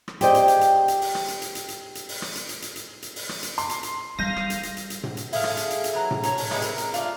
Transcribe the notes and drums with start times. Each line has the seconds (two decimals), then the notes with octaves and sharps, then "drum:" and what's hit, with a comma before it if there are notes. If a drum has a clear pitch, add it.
0.08 drum: rim click
0.21 G4 G#4 C5 D5 D#5 G5, drum: hi-hat
0.34 drum: hi-hat
0.48 drum: hi-hat
0.61 drum: hi-hat
0.88 drum: hi-hat
1.01 drum: open hi-hat
1.15 drum: rim click
1.28 drum: hi-hat
1.42 drum: hi-hat
1.55 drum: hi-hat
1.68 drum: hi-hat
1.95 drum: hi-hat
2.09 drum: open hi-hat
2.22 drum: rim click
2.35 drum: hi-hat
2.49 drum: hi-hat
2.62 drum: hi-hat
2.76 drum: hi-hat
3.02 drum: hi-hat
3.16 drum: open hi-hat
3.29 drum: rim click
3.43 drum: hi-hat
3.58 C6, drum: hi-hat
3.69 drum: hi-hat
3.83 drum: hi-hat
4.19 G3 D#4 F5 G6 A#6 D#7
4.36 drum: rim click
4.50 drum: hi-hat
4.63 drum: hi-hat
4.77 drum: hi-hat
4.90 drum: hi-hat
5.03 drum: tom A2
5.17 drum: hi-hat
5.33 E4 G#4 A4 F5, drum: open hi-hat
5.44 drum: rim click
5.57 drum: hi-hat
5.70 drum: hi-hat
5.84 drum: hi-hat
5.93 E3 F#3 A#5
6.11 drum: tom A2
6.23 A4 A#4 C#5, drum: hi-hat
6.37 drum: open hi-hat
6.51 G3 G#3 B3 E4, drum: rim click
6.62 C4 A#4, drum: hi-hat
6.78 drum: hi-hat
6.94 A3 D4 F4, drum: hi-hat